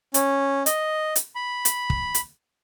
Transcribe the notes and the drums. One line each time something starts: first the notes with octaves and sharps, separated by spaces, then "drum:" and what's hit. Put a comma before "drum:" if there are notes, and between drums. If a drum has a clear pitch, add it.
C#4, drum: hi-hat
D#5, drum: hi-hat
drum: hi-hat
B5
drum: hi-hat
drum: kick
drum: hi-hat